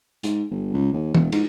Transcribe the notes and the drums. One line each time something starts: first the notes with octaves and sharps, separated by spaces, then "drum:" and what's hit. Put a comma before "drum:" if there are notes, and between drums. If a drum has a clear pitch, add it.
G#2, drum: hi-hat
G1
C#2
D#2
E1, drum: tom
G#2, drum: cymbal